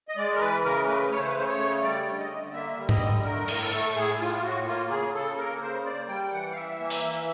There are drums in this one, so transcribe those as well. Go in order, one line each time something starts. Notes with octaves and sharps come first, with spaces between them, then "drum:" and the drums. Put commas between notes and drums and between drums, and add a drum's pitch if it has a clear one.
D#5
G#3 D5
A#4
E3 B4
C#3 A#4
A3 B4
A3 C#5
C5
B4
C#3 C5
C#5
A3
G3 D5
D3
D#5
D3
A#3 E5
G3
D#5, drum: tom G#2
D3
A3 A#4
A2 A#4, drum: cymbal
A4
A3
A2 G#4
A2 F4
F4
A2 F#4
A#3 F4
C#3 G#4
C#3 A4
A#3 A#4
C#3 C5
A#3 D5
G3 G5
G5
E3 F#5
F5
E3 E5
A#3
drum: open hi-hat
E3